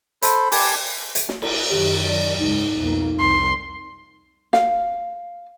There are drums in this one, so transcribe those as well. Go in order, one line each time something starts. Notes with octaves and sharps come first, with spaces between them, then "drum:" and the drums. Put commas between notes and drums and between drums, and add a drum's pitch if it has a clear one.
A4 C5 B5, drum: hi-hat
G4 G#5 A5 D6, drum: open hi-hat
drum: hi-hat
drum: snare
drum: cymbal
F#2 D#3 F#3 G4
D5
C#2 G#2 D#4
B1 F2 A#3
C2 C6
F5, drum: snare